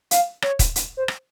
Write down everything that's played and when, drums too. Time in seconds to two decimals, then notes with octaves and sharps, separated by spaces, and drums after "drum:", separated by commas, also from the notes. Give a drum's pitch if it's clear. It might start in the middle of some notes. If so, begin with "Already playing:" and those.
0.11 F5, drum: hi-hat
0.42 C#5, drum: rim click
0.59 drum: kick, hi-hat
0.76 drum: hi-hat
0.97 C5
1.08 drum: rim click